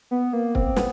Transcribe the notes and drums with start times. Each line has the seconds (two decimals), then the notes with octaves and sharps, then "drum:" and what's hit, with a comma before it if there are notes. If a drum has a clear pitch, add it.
0.11 B3
0.33 A#3
0.55 C4, drum: kick
0.76 B3, drum: snare